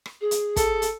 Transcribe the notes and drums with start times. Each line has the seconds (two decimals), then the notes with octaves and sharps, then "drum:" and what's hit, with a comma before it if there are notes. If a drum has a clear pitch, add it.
0.06 drum: rim click
0.21 G#4
0.31 drum: hi-hat
0.56 A4, drum: kick, hi-hat
0.82 drum: hi-hat